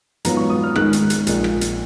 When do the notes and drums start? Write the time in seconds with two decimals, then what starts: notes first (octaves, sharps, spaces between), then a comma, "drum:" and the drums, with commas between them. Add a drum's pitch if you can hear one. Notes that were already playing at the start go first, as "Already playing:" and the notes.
0.25 G#2 F#3 B3 F4 A#5, drum: hi-hat
0.37 C#6
0.50 D#6
0.63 F6
0.76 G#2 D#3 G#3 D#4 F#6, drum: rim click
0.93 drum: hi-hat
1.10 drum: hi-hat
1.27 A#1 A#2 G#3 D#4, drum: hi-hat
1.44 drum: rim click
1.61 drum: hi-hat